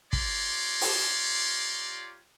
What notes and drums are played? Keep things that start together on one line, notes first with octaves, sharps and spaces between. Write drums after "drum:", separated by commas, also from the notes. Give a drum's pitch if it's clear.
F4 G4 C#5 D5 A#5 C6, drum: kick
drum: open hi-hat